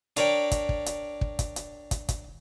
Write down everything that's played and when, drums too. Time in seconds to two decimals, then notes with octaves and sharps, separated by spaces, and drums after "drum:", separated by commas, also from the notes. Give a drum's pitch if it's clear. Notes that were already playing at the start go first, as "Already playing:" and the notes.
0.17 D4 A#4 C#5 D5 G5, drum: hi-hat
0.51 drum: kick, hi-hat
0.69 drum: kick
0.86 drum: hi-hat
1.21 drum: kick
1.39 drum: kick, hi-hat
1.56 drum: hi-hat
1.91 drum: kick, hi-hat
2.09 drum: kick, hi-hat